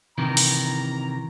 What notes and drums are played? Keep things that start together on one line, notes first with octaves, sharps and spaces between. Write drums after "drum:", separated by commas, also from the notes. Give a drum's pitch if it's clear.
C3 D#3 E3 A#5
drum: open hi-hat